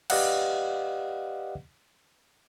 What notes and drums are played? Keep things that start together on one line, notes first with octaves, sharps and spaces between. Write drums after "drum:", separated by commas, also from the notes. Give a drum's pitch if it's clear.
G4 B4 D5 D#5 F5 F#5, drum: cymbal